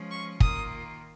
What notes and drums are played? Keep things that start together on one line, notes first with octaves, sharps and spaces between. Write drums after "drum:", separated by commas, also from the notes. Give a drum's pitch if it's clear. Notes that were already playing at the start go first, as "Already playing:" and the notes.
Already playing: F3 G#3 C#4 F4
C#6
D#3 A#3 F4 D#6, drum: kick